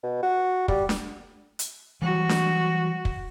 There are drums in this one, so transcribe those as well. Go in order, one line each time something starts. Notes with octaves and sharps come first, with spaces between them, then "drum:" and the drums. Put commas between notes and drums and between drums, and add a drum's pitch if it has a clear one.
B2
F#4
G3, drum: kick
drum: snare D4
drum: hi-hat
E3 F#3 G3 F#4
drum: snare D4
drum: kick